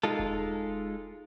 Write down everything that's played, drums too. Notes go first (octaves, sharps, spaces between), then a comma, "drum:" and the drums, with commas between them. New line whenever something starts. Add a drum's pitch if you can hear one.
G#3 D#4 F4 A4
drum: kick E1